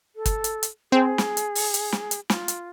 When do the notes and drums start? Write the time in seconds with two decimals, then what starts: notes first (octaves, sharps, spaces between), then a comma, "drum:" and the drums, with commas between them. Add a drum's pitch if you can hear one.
0.16 A4
0.26 drum: kick, hi-hat
0.44 drum: hi-hat
0.63 drum: hi-hat
0.92 C4 G#4
1.18 drum: snare
1.37 drum: hi-hat
1.55 drum: open hi-hat
1.74 drum: hi-hat
1.92 drum: snare
2.11 drum: hi-hat
2.30 F4, drum: snare
2.48 drum: hi-hat